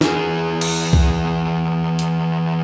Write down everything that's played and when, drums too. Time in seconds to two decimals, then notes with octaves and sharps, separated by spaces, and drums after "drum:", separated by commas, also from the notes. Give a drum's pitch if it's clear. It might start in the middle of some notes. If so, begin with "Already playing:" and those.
0.01 E3 G#4, drum: snare
0.61 drum: cymbal
0.93 drum: kick C2
1.99 drum: hi-hat